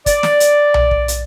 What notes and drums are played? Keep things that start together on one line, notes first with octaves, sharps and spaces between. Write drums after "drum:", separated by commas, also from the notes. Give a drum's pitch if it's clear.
D5, drum: kick, hi-hat
drum: snare
drum: hi-hat
drum: tom B1
drum: kick
drum: hi-hat